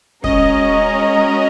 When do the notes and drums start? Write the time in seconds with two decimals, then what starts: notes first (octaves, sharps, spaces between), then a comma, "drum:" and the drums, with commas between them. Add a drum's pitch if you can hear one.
0.24 G#3 C#4 F#4 A#4 D#5, drum: kick